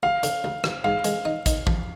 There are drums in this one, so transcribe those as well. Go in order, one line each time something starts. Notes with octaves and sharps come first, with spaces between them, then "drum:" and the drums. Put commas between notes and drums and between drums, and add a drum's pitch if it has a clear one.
D2 F5
D3, drum: hi-hat
D2
D2, drum: rim click
G#2 F5
G#3, drum: hi-hat
D#4
D#4, drum: kick, hi-hat
F3, drum: kick